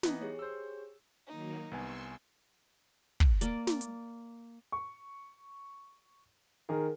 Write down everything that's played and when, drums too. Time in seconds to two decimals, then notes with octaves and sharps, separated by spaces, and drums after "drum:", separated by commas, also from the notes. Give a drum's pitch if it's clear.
0.03 E3 B3 D#4, drum: snare
0.21 G4 G#4 C#5
0.39 C5 E6
1.28 D#3 F#3 A#3 D#4
1.71 C2 B3 G#5 C6 C#6 E6
3.20 drum: kick
3.41 A#3 D5, drum: hi-hat
3.67 drum: snare
3.81 drum: hi-hat
4.72 C#6
6.69 D#3 G#4 A#4